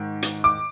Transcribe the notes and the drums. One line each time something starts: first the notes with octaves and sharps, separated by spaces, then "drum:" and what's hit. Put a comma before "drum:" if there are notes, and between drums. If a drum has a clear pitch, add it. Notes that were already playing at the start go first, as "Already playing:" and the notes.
Already playing: G#2 D#3
drum: hi-hat
D6